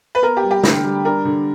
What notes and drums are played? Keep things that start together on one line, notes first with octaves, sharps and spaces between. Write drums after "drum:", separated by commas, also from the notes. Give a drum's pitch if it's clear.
B4
B3 A#4
G4
G3
G4
D3, drum: snare A3
G3
D4 A#4
D3